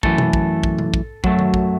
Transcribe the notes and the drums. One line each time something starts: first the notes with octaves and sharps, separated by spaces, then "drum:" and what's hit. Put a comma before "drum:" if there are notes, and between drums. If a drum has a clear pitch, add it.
F#2 E3 A3 A4, drum: kick
drum: tom B2
drum: kick
drum: kick
drum: tom B2
drum: kick
F#2 F#3 A3, drum: kick
drum: tom D#3
drum: kick